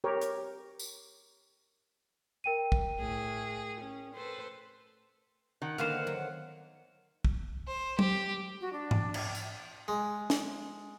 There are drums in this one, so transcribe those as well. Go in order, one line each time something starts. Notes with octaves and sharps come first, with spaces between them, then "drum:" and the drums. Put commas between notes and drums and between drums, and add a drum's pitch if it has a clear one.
G4 A#4 C#5
drum: hi-hat
drum: tambourine
A#4 G5 D#7
drum: kick
A2 G#4
C#4
A4 B4 C5
D#3 F#5
D3 D#3 A#3 B3 C5 F5
F#3
drum: kick
C5
G4, drum: tom F#3
F#4
D4
drum: tom G#2
drum: cymbal
drum: tambourine
G#3
drum: snare